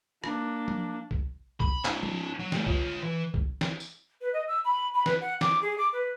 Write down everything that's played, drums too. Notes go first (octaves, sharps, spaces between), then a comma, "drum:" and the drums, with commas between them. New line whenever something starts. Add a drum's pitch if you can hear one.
A#3 D4, drum: rim click
drum: tom F3
drum: kick B1
B5, drum: kick B1
C#4 D#4, drum: clap
drum: tom F3
F#3
G3 A3, drum: snare
F4 C#5, drum: kick B1
E3
drum: kick B1
drum: snare
drum: tambourine
B4
D#5
E6
B5
B5
B4, drum: snare
F#5
D6, drum: snare
G#4
D6
B4